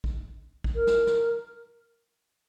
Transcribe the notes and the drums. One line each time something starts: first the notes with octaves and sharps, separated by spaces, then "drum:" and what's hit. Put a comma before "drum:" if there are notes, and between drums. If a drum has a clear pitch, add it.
drum: kick
drum: kick
A#4
drum: snare
drum: snare